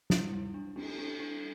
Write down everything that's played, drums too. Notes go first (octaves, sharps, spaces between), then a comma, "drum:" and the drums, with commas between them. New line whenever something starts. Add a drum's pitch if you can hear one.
G3 E4, drum: snare
G3
D4
D4, drum: cymbal
D4
D4